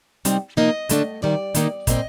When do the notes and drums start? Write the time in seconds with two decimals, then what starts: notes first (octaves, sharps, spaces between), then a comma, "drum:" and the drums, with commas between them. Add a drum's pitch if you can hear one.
0.25 C3 G3 C4 D#4, drum: hi-hat
0.57 C3 F3 A#3 D#4 D#5
0.89 D3 A3 D4, drum: hi-hat
1.22 C3 D#3 G3 D5
1.55 D#3 A#3 D#4, drum: hi-hat
1.87 A#2 G3 C4 D#5, drum: kick, hi-hat